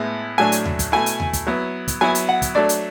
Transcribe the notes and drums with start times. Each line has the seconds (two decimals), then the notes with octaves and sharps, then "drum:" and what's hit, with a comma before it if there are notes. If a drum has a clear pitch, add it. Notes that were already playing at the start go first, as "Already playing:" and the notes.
Already playing: A2 G#3 B3 E4
0.38 A2 F#3 A3 D4 G#5
0.52 drum: hi-hat
0.65 drum: tom D#2
0.79 drum: kick, hi-hat
0.92 B2 A3 E4 G#5
1.06 drum: hi-hat
1.20 drum: tom D#2
1.33 drum: kick, hi-hat
1.47 F#3 B3 E4
1.88 drum: kick, hi-hat
2.01 F#3 B3 E4 G#5
2.15 drum: hi-hat
2.29 F#5
2.42 drum: kick, hi-hat
2.55 F#3 A3 D4 D5
2.69 drum: hi-hat